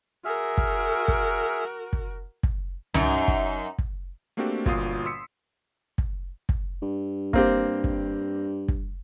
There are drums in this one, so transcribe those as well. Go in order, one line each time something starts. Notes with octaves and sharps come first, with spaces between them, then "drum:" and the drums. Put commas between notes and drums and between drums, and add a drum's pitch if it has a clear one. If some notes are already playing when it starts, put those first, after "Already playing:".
F#4 G#4 A#4 E5 F6
drum: kick
drum: kick
drum: kick
drum: kick
F#2 D#4, drum: tom C2
drum: kick
drum: kick
A3 A#3 C4 D4 F#4 G4
G1 A#2 F4 F#4 D#6 C7, drum: kick
C6 E6 B6 C#7
drum: kick
drum: kick
G2
A#3 C4 G4, drum: kick
drum: kick
drum: kick